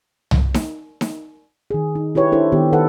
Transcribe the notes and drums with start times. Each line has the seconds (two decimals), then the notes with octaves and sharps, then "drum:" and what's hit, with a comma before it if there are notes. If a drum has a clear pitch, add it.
0.31 drum: tom C2
0.54 drum: snare D#4
1.01 drum: snare D#4
1.71 D#3 G#4
1.95 D#4
2.15 E4 G4 B4 C#5
2.32 D4 E4 A4 C5
2.52 D#3 B3 G4
2.72 D#3 A4 B4 F#5